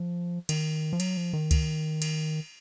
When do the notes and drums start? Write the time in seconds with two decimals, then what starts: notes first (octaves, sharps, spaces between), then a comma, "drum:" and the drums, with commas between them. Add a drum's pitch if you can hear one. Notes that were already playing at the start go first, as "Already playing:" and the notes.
Already playing: F3
0.49 D#3, drum: cymbal
0.93 F3
1.00 F#3, drum: cymbal
1.17 F3
1.33 D#3
1.51 drum: kick C#2, cymbal
2.02 drum: cymbal